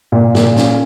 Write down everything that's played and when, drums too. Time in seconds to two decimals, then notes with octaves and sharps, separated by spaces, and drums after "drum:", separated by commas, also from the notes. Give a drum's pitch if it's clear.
0.12 A#2
0.35 A#2, drum: snare
0.56 C#4, drum: snare